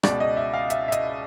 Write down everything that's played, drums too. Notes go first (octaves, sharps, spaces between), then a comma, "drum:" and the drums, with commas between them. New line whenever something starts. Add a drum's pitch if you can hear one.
C#2 B2 D5, drum: rim click
D#5
E5
F5
E5, drum: hi-hat
E5
D#5, drum: hi-hat